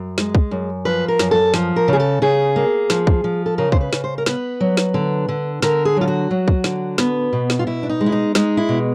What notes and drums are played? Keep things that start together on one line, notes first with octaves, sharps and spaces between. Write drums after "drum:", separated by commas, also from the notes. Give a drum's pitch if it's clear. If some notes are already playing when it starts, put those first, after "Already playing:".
Already playing: F#2
G#3, drum: snare
drum: kick
F#2
F3 B4
A#4
F#2, drum: snare
A4
F3, drum: snare
A#4
C#3
G#4
A4
C#3 G#4
A#3
F3, drum: snare
drum: kick
F3
A4
C#3 A#4
C5, drum: kick
B4
C#3, drum: snare
C5
A#4
B3 B4, drum: snare
F#3
drum: snare
D3
D3
D3 A#4, drum: snare
G#4
F#3 F4
F#4
F#3
drum: kick
D3, drum: snare
B3, drum: snare
B2
drum: snare
F4
B2 E4
D4
D#4
G#3
E4
D#4
G#3 D#4, drum: snare
E4
B2